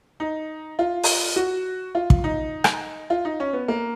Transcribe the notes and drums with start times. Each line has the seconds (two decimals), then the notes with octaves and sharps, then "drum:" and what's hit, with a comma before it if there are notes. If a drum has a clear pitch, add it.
0.20 D#4
0.79 F4
1.03 drum: open hi-hat
1.36 F#4
1.95 F4
2.10 drum: kick
2.24 D#4
2.64 drum: rim click
3.10 F4
3.25 D#4
3.40 C#4
3.53 B3
3.68 A#3